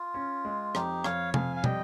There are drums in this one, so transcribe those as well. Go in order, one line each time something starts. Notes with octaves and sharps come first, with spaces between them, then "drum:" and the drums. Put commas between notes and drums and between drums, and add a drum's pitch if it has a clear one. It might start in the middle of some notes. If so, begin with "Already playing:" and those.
Already playing: F4
C#4
G#3
F2 D#4 G4, drum: rim click
F2 C#5 F5, drum: rim click
F2 F5 G#5, drum: tom C3
F5
G3 D#5 G5, drum: tom